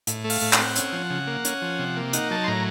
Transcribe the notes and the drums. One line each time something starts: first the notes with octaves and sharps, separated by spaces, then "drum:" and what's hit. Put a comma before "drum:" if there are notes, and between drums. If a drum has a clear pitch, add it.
A2, drum: hi-hat
A3
F5, drum: open hi-hat
A2
F#5, drum: clap
C4
C#4, drum: hi-hat
F3
C#3
A#3
C#4, drum: hi-hat
F3
C3
A#3
D#4 F#5, drum: hi-hat
F#3 A5
C6
A2 A#5